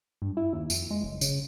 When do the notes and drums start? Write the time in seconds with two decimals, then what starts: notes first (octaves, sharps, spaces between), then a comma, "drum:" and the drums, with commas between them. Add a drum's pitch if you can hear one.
0.22 G2
0.37 E4
0.53 D#2
0.70 F2, drum: tambourine
0.90 G#3
1.04 F#1
1.21 C#3, drum: tambourine